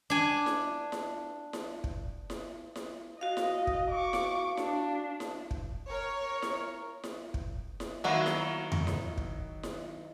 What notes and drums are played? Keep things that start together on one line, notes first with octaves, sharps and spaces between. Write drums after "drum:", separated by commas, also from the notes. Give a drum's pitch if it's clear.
D4 G#5
drum: snare E4
drum: snare E4
drum: snare E4
drum: kick
drum: snare E4
drum: snare E4
F#4 D#5 F5
drum: snare E4
drum: kick
C#6 D6
drum: snare E4
D4, drum: snare E4
drum: snare E4
drum: kick
A#4 C#5
drum: snare E4
drum: snare E4
drum: kick
drum: snare E4
D#3 F#3 A#3 E4 F#4
drum: snare E4
drum: tom E2
drum: snare E4
drum: kick
drum: snare E4